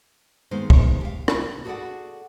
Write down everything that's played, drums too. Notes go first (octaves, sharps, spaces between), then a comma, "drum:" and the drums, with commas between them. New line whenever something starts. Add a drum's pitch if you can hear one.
D#2 D#3 G#3 B3 D#4 C5
drum: kick
G4 F5
C3 A#4, drum: rim click
F#4 G#4 A4 C#5 D5 F#5